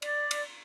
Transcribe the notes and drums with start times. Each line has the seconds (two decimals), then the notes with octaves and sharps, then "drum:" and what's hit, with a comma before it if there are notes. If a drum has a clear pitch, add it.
0.02 D5, drum: cymbal
0.31 drum: cymbal